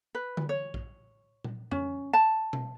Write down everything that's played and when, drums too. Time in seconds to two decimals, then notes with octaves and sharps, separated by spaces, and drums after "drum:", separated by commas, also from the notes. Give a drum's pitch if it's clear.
0.15 B4
0.37 drum: tom D3
0.49 C#5
0.74 drum: kick
1.44 drum: tom A#2
1.71 C#4, drum: tom F2
2.13 A5
2.53 drum: tom B2